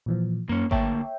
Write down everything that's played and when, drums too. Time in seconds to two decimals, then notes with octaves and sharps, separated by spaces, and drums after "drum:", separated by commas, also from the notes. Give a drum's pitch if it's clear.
0.06 A#2 E3 F3
0.49 F#2 A#3 C#4
0.71 D2 A#3 C#5 E5 G5 A5, drum: kick G#1